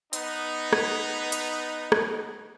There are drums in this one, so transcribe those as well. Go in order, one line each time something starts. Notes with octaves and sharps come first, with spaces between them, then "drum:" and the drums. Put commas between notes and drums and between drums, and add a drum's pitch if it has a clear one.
B3 D#4, drum: hi-hat
drum: rim click
drum: hi-hat
drum: rim click